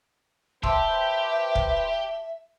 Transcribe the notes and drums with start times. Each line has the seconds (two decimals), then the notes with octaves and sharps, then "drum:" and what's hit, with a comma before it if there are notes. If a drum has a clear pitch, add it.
0.63 G4 B4 C5 E5 G5 A5 C6 E6, drum: kick
1.55 drum: kick